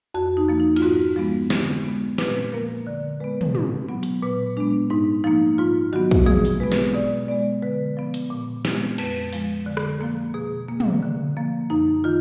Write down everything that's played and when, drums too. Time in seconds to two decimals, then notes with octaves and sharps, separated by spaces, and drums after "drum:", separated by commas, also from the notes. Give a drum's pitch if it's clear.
0.14 F2 F#4
0.37 D#4
0.48 F3 A#3
0.60 D#4
0.76 F4, drum: cymbal
0.82 G#2 F#4
1.16 F3 G#3 B3
1.50 D3, drum: snare
1.85 G#3 B3
2.18 A#2 B4, drum: snare
2.52 F3 A#3 A#4
2.86 D3 D5
3.20 G#3 B3 B4
3.41 drum: tom
3.55 B2, drum: tom
3.89 F#3 B3
4.03 drum: hi-hat
4.22 A#2 B4
4.57 G#3 B3 D4
4.90 G#2 D#4
5.24 F3 A#3 D#4
5.58 G#2 F4
5.93 D#3 F#3 B3 F#4
6.11 drum: kick
6.26 B2 G#4, drum: tom
6.45 drum: open hi-hat
6.60 G#3 B3 B4
6.72 drum: snare
6.94 B2 D5
7.28 G#3 B3 D5
7.62 D3 B4
7.97 F3 B3
8.14 drum: hi-hat
8.30 A#2
8.65 G#3 B3, drum: snare
8.98 F2 B4, drum: cymbal
9.33 F3 G#3, drum: open hi-hat
9.66 D3
9.77 drum: rim click
10.01 F3 A#3
10.34 B2 G#4
10.68 A#3
10.80 drum: tom
11.03 D3
11.37 F3 A#3
11.70 F#2 D#4
12.04 D#3 F4